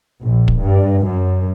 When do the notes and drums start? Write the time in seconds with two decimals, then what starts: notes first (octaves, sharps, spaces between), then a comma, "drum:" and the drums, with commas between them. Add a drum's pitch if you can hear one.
0.21 A#1
0.48 drum: kick
0.60 G2
1.03 F#2